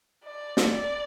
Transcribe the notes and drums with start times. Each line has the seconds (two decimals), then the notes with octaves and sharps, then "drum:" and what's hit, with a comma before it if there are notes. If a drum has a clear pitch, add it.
0.25 D5
0.57 drum: snare
0.73 D5